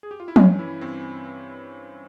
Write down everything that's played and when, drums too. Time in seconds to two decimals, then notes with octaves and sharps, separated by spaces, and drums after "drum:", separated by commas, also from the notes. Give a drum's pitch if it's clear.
0.03 G#4
0.11 G4
0.20 F4
0.28 E4
0.36 G2 C#4, drum: tom F3
0.59 E3 E4
0.81 G2 C4